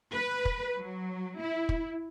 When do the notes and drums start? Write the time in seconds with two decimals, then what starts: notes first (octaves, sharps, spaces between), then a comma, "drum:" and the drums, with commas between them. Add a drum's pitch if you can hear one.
0.13 B4
0.45 drum: kick
0.77 F#3
1.41 E4
1.69 drum: kick